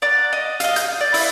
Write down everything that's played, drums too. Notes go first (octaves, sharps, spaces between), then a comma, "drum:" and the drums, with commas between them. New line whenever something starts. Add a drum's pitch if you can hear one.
D5 F#5 A#5
D#5
D#5 F5, drum: hi-hat
G6, drum: hi-hat
D5
E4, drum: open hi-hat